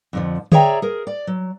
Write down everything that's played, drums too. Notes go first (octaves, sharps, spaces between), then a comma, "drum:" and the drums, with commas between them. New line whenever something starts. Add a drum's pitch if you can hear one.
F2 D3 F3
G#4 C#5 D5 E5 G5 A#5, drum: tom D3
G#4 A#4
D5
F#3